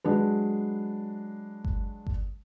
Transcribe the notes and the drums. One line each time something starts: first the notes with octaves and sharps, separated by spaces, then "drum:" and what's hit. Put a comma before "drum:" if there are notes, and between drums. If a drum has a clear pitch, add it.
F#3 G#3 D4 B4
drum: kick G1
drum: kick G1